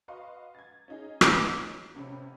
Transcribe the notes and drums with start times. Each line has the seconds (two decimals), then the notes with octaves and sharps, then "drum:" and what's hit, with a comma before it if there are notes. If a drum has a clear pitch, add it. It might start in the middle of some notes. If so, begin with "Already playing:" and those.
0.08 F#4 B4 D#5 F5 C6 C#6
0.55 G#6 A6
0.88 C#4 D#4 G#4
1.21 drum: rim click
1.95 A1 C3 C#4 B5